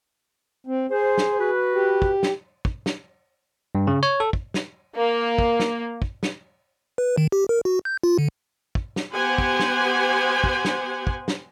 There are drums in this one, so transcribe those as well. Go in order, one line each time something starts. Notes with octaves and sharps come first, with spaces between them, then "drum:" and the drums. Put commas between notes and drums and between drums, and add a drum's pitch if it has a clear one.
C4
G#4 C5
drum: snare
F#4 B4
G4
drum: kick
drum: snare
drum: kick
drum: snare
G2
C#3
C#5
A4
drum: kick
drum: snare
A#3
drum: kick
drum: snare
drum: kick
drum: snare
B4
D#3
G4
A#4
F#4
G6
F4
D3
drum: kick
drum: snare
B3 G4 C5 F#5 G#5
drum: kick
drum: snare
drum: kick
drum: snare
drum: kick
drum: snare